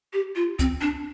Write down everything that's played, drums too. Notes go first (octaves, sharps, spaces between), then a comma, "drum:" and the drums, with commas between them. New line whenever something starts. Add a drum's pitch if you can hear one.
G4
F4
C4, drum: kick, hi-hat
D4